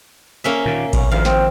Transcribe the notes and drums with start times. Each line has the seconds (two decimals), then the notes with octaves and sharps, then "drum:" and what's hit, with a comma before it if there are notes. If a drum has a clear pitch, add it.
0.44 A#3 C#4 E5
0.66 A#2 D#3
0.93 B1 C#4, drum: kick A1, cymbal
1.11 D2 D#3 F3 F5
1.25 C4, drum: snare